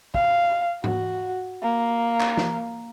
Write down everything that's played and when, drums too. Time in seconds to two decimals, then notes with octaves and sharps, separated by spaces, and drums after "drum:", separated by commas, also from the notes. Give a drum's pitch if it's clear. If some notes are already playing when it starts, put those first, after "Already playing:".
0.14 F5, drum: kick
0.84 F#4, drum: tom G#2
1.63 A#3
2.20 drum: clap
2.37 drum: snare